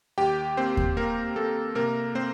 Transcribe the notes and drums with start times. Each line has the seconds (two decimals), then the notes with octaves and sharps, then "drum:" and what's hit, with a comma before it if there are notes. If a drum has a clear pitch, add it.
0.18 D#2 G4 G5
0.57 A#3 C4 C5
0.77 drum: kick D#2
0.97 A#3 A#4
1.36 A#3 A4
1.75 C3 A#3 A#4
2.15 A#3 C4 C5